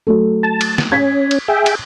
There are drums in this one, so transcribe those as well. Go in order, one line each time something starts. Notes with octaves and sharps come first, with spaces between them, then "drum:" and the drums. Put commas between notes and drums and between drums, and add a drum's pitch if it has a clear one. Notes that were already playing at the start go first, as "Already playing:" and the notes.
F#3 A3 A4
A5
drum: cymbal
drum: snare
C#4 G#6 B6
drum: cymbal
G#4 E5 G5
drum: cymbal